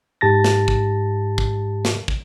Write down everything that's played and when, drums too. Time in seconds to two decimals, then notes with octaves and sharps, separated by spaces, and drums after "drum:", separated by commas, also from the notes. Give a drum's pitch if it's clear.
0.21 G#2 G4 A5 A6 A#6
0.44 drum: snare
0.68 drum: kick
1.38 drum: kick
1.85 drum: snare
2.08 drum: kick